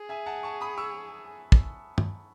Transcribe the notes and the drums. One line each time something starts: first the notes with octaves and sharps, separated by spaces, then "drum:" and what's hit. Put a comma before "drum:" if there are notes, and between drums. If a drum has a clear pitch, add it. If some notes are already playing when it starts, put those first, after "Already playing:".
Already playing: G#4
E5 G#5
F#5 A5
A5 C#6
B5 D#6
C#6 E6
drum: kick
drum: tom